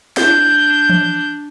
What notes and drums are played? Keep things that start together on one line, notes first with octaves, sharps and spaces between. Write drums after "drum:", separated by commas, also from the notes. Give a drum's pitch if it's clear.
D4 G6, drum: snare E4
drum: tom E3